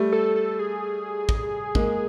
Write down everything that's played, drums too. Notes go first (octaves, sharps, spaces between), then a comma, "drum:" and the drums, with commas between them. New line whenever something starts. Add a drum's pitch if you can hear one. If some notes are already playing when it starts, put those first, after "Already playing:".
Already playing: G3 A3
A4
A4
G#4
drum: kick
G#3 A#3, drum: kick